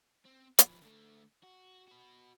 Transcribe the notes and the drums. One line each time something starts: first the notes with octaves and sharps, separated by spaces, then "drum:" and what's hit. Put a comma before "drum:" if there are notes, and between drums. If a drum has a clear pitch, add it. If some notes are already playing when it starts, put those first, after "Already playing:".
C4
F3 B4, drum: hi-hat
D3 A3
F#4
F#4 B4